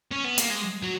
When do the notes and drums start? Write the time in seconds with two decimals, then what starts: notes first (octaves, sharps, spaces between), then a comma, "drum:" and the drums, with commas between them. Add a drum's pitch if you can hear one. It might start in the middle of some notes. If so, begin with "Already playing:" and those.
0.11 C#4
0.24 B3
0.38 A#3, drum: hi-hat
0.50 G#3
0.83 F#3